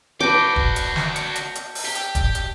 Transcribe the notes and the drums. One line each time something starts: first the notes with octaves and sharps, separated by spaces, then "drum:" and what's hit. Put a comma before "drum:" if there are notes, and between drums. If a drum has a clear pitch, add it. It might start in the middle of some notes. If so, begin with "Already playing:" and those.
F#4 B4 D5 A5 D6 G6 G7
drum: kick
drum: hi-hat
drum: snare
C#7, drum: hi-hat
drum: hi-hat
drum: hi-hat
drum: open hi-hat
G4
drum: hi-hat
drum: kick, hi-hat
drum: hi-hat